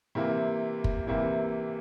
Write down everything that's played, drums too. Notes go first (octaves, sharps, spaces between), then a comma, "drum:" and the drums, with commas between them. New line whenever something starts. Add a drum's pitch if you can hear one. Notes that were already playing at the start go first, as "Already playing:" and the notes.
C3 E3 A#3 E4
drum: kick
C3 E3 A#3 E4